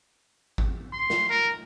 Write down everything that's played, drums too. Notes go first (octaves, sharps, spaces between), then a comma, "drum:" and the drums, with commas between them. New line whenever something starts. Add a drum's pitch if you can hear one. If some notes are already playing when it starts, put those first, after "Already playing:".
drum: kick G#1
C6
drum: snare
A#4